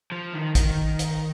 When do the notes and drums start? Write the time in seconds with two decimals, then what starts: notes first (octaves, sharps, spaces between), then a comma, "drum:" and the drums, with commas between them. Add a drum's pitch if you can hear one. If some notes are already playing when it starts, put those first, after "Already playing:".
0.12 F3
0.33 D#3
0.55 D#3, drum: kick, hi-hat
0.99 drum: hi-hat